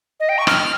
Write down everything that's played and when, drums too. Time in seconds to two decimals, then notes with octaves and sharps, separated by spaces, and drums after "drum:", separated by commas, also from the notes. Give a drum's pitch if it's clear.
0.20 D#5
0.29 G5
0.38 C#6
0.47 F6, drum: rim click